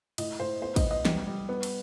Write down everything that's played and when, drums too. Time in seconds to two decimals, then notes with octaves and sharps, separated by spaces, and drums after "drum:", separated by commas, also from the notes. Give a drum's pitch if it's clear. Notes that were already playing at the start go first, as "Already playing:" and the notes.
0.18 A2 D#5, drum: cymbal
0.40 A2 C5
0.62 B3 C5
0.76 D#5, drum: kick, cymbal
0.83 B3
0.91 D#5
1.05 G3, drum: snare
1.27 G3
1.49 B3
1.63 drum: cymbal